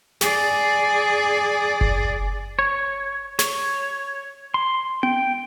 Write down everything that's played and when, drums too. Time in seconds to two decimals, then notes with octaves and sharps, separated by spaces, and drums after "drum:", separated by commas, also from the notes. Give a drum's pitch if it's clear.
0.21 G#4 D5, drum: snare
1.81 drum: kick F#1
2.59 C#5
3.39 C#5, drum: snare
4.54 C6
5.03 G5, drum: tom B3